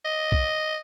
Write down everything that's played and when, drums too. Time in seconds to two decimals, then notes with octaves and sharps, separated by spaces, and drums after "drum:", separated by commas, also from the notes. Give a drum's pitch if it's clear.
0.05 D#5
0.32 drum: kick B1